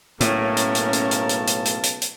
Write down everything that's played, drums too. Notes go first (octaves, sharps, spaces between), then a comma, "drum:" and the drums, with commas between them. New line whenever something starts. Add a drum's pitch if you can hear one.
B1 A2 C#3 A#3 C#4 A#4 A5, drum: hi-hat
drum: hi-hat
drum: hi-hat
drum: hi-hat
drum: hi-hat
drum: hi-hat
drum: hi-hat
drum: hi-hat
drum: hi-hat
drum: hi-hat